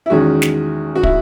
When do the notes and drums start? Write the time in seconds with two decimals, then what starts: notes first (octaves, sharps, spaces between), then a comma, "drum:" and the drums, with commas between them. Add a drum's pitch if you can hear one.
0.06 E4
0.10 E2 D#3 G#3 C#4 F#4
0.42 drum: snare
0.96 F#4
1.03 E4, drum: kick